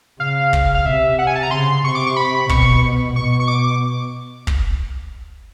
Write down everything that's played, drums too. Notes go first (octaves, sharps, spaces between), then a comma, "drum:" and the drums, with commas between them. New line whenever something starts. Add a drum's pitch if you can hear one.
C#3 F5
drum: kick
F5
C3 E5
F#5
G#5
A5
A#5
C#3 C6
C3 C#6
D6
C#6
B5
B2 C#6, drum: kick
B2 C#6
C#6
D6
drum: kick